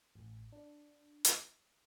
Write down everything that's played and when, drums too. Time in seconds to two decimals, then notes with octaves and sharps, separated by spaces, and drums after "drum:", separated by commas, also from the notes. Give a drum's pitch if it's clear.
0.15 A1
0.52 D4
1.25 drum: hi-hat